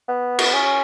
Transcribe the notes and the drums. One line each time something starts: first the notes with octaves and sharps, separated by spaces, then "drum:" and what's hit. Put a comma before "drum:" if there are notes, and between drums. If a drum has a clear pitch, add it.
B3
drum: cymbal
C#4